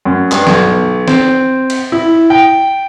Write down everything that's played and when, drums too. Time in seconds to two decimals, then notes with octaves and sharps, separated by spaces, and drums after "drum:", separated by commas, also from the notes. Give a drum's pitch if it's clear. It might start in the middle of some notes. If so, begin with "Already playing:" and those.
0.05 F#2
0.32 G2, drum: clap
0.47 B1, drum: snare
1.08 C4, drum: snare
1.70 drum: cymbal
1.92 E4
2.30 G5